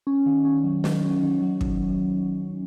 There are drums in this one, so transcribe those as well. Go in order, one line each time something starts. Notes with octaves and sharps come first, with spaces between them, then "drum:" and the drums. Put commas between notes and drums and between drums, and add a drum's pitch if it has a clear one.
C#4
D#3
C#4
F#3
D#3, drum: snare
C#4
D#3
F#3
drum: kick